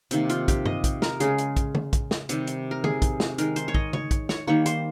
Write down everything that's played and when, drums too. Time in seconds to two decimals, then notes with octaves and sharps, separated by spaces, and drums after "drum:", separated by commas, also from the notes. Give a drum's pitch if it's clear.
0.11 C3 D#3 A#3, drum: hi-hat
0.29 F4, drum: hi-hat
0.48 G4, drum: kick, hi-hat
0.65 D#5, drum: tom G2
0.84 drum: kick, hi-hat
1.02 A#4, drum: snare
1.20 C#3 G#3 G#4, drum: hi-hat
1.38 drum: hi-hat
1.57 drum: kick, hi-hat
1.75 drum: tom D3
1.93 drum: kick, hi-hat
2.11 drum: snare
2.29 C3 D#3 G3, drum: hi-hat
2.47 drum: hi-hat
2.71 A#4
2.84 G#4, drum: tom D3
3.02 drum: kick, hi-hat
3.20 drum: snare
3.38 D#3 G#3 A#4, drum: hi-hat
3.56 C5, drum: hi-hat
3.68 C#5
3.74 D#5, drum: kick
3.93 C#5, drum: tom
4.11 drum: kick, hi-hat
4.29 C#5, drum: snare
4.47 D#3 G3 A#3 C#5
4.66 C5, drum: hi-hat